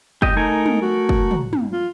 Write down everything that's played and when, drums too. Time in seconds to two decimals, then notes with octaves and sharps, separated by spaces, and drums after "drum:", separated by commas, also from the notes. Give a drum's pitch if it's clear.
0.22 G4 D#5, drum: kick
0.37 A3 D#4 A#4 G#5
0.66 drum: tom
0.82 F#4
1.09 drum: kick
1.31 drum: tom
1.53 drum: tom
1.72 F4